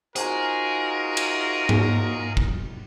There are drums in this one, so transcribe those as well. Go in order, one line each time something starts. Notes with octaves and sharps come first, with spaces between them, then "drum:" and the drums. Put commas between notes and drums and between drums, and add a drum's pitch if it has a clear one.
D#4 F4 F#4 G#4 A#4 C5 G#5 A#5, drum: hi-hat
drum: cymbal
drum: tom
drum: kick